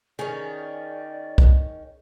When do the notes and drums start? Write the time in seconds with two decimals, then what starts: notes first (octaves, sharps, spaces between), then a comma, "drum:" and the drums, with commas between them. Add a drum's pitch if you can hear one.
0.19 D#3 C#4 G#4 D5
1.38 drum: kick C2